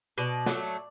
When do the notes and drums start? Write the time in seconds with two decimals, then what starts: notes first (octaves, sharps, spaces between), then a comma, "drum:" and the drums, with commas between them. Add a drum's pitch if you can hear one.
0.18 B2 D5
0.46 F#3 A3, drum: snare